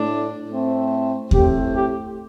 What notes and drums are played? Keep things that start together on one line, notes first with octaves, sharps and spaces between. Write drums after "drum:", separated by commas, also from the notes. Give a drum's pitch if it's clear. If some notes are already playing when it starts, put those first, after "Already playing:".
Already playing: A2 A3 D4
A2 A3 C4
A2 A3 C4 G4, drum: kick D#2
G4